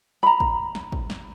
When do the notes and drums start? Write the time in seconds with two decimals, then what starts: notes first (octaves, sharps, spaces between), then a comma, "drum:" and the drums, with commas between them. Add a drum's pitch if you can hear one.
0.23 A#5 B5
0.40 drum: kick
0.75 drum: snare
0.92 drum: kick
1.10 drum: snare